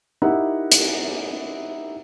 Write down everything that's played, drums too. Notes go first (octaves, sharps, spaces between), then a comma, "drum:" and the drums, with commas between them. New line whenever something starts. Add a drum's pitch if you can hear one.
D#4 E4 G4 A#4 E5 F#5
drum: hi-hat